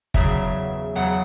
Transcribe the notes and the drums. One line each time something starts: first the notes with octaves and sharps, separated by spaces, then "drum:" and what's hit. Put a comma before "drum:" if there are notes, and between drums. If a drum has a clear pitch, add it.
E2 C#3 F#3 E5, drum: kick
E2 C#3 F#3 F#5